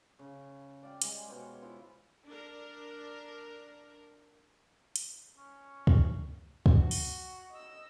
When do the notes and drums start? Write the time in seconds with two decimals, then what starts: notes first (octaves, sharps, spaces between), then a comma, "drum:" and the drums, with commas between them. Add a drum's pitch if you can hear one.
0.19 C#3
0.83 D5 F5 G5
1.02 G3 G#3 G#5, drum: hi-hat
1.27 B2 C5 C#5 C#6
1.62 E4 F4 C5
2.25 D4 A#4
4.96 drum: hi-hat
5.37 C#4
5.87 drum: kick
6.66 F#4, drum: kick
6.91 drum: open hi-hat
7.51 D#5 E6